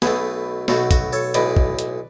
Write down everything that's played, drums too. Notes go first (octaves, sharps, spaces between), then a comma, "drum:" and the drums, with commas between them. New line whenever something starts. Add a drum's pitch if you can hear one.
B1 B2 A3 G#4 B4, drum: snare
B1 B2 A3 F#4, drum: snare
F#4, drum: kick, hi-hat
A4 C#5
B1 A2 G#3 B4 D5, drum: hi-hat
drum: kick
drum: hi-hat